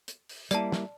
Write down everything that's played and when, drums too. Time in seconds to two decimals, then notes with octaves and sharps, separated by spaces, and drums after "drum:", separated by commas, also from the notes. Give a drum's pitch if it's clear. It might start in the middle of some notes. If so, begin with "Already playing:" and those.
0.08 drum: hi-hat
0.29 drum: open hi-hat
0.51 G3 A#3 E4 D5 A5, drum: hi-hat
0.72 drum: snare